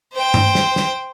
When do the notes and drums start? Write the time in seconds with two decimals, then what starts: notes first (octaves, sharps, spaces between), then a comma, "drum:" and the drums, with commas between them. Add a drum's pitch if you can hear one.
0.13 C5 G5
0.34 drum: tom G2
0.55 drum: snare
0.76 drum: snare